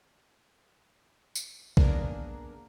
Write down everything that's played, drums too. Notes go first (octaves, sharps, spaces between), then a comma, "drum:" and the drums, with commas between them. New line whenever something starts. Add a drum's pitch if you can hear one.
drum: tambourine
A#3 B3 D4 G#4 A#4, drum: kick A#1